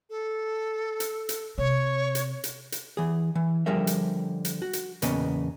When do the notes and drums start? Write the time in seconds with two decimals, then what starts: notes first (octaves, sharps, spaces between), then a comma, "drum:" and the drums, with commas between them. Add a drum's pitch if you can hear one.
0.10 A4
1.00 drum: hi-hat
1.29 drum: hi-hat
1.58 C3 C#5
2.15 drum: hi-hat
2.44 drum: hi-hat
2.72 drum: hi-hat
2.97 E3 G#4
3.35 E3
3.66 D3 F3 G3 G#4 A#4 E5
3.87 drum: hi-hat
4.45 drum: hi-hat
4.62 F#4
4.73 drum: hi-hat
5.02 E2 A#2 C#3 A#3 B3 D#5, drum: hi-hat